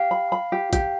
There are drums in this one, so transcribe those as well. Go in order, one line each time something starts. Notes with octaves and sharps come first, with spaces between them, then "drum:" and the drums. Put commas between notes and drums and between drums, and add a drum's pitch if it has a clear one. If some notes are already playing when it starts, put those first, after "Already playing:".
Already playing: G4 F5
B5
B5
G4
G4, drum: kick, hi-hat